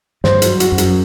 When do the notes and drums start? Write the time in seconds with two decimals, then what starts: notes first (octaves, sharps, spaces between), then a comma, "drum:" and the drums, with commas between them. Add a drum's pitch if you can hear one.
0.24 G2 C5, drum: snare
0.42 F#3, drum: hi-hat
0.60 F#4, drum: hi-hat
0.72 F#2
0.78 F#3, drum: hi-hat